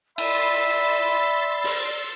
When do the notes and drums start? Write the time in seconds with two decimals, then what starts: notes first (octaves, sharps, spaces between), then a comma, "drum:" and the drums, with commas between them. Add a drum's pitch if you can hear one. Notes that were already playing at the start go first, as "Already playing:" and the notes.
0.18 D5 E5 B5 C6 E6 A6, drum: cymbal
1.64 drum: open hi-hat